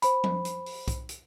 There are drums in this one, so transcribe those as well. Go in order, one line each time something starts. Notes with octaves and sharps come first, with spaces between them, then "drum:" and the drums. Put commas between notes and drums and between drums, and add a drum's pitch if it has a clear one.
C5 B5, drum: hi-hat
drum: tom F3
drum: hi-hat
drum: open hi-hat
drum: kick B1, hi-hat
drum: hi-hat